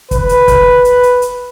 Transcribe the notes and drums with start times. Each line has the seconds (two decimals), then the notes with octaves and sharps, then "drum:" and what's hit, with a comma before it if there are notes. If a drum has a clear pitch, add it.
0.11 B4, drum: kick, hi-hat
0.29 drum: hi-hat
0.48 drum: kick, hi-hat
0.85 drum: hi-hat
1.03 drum: hi-hat
1.22 drum: hi-hat